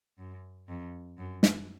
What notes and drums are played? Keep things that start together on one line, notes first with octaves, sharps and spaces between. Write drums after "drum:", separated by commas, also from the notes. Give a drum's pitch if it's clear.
F#2
F2
F#2
drum: snare